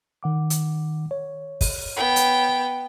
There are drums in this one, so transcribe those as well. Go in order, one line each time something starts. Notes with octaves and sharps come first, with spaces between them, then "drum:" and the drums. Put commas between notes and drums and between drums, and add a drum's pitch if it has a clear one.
D#3 F#5 D6
drum: hi-hat
C#5
drum: kick, open hi-hat
B3 G5
drum: hi-hat